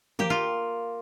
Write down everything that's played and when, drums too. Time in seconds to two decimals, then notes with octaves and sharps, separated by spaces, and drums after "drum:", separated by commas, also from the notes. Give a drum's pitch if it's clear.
0.19 A#3 G4, drum: tom
0.30 F4